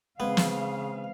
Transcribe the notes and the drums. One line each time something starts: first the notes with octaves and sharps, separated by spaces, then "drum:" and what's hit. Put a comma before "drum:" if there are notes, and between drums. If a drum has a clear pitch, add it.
C#3 E3 G#3 B3 C4 F5
drum: snare